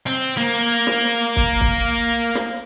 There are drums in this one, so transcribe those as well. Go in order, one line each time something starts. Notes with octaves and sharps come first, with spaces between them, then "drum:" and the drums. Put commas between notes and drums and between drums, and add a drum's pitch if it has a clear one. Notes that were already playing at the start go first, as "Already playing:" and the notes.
C4
A#3
drum: snare
drum: kick
drum: kick
drum: snare